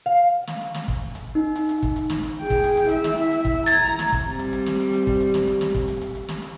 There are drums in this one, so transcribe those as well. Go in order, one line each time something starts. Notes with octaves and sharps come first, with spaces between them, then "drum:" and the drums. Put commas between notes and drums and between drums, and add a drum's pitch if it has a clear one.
F5
drum: snare
drum: hi-hat
drum: snare
drum: kick, hi-hat
drum: hi-hat
D#4
drum: hi-hat
drum: hi-hat
drum: kick, hi-hat
drum: hi-hat
drum: snare
drum: hi-hat
G#4 G5
drum: kick, hi-hat
drum: hi-hat
drum: hi-hat
E4 E5, drum: hi-hat
drum: snare
drum: hi-hat
drum: hi-hat
drum: kick, hi-hat
A#5 G#6 A6
drum: hi-hat
drum: snare
drum: kick, hi-hat
G3 C4
drum: hi-hat
drum: hi-hat
drum: snare
drum: hi-hat
drum: hi-hat
drum: kick, hi-hat
drum: hi-hat
drum: snare
drum: hi-hat
drum: snare
drum: kick, hi-hat
drum: hi-hat
drum: hi-hat
drum: hi-hat
drum: snare
drum: hi-hat